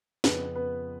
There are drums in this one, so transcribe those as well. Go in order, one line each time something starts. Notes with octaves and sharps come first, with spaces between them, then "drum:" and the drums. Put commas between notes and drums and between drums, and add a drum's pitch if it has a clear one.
F2 C#3 F3 B3 B4, drum: snare
B3 B4